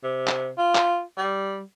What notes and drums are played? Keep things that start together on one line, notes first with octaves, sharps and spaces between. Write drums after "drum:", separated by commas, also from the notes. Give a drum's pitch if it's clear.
C3
drum: clap
F4
drum: clap
G3